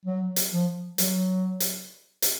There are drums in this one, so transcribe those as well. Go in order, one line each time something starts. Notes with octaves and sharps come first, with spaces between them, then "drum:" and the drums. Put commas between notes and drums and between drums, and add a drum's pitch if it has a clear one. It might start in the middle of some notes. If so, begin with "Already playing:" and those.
F#3
drum: hi-hat
F3
F#3, drum: hi-hat
drum: hi-hat
drum: hi-hat